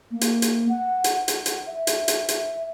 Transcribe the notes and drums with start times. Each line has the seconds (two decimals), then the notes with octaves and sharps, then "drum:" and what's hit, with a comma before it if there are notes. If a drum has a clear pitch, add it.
0.11 A#3
0.21 drum: hi-hat
0.42 drum: hi-hat
0.69 F#5
1.04 drum: hi-hat
1.28 F#5, drum: hi-hat
1.46 drum: hi-hat
1.66 E5
1.87 drum: hi-hat
2.08 drum: hi-hat
2.28 drum: hi-hat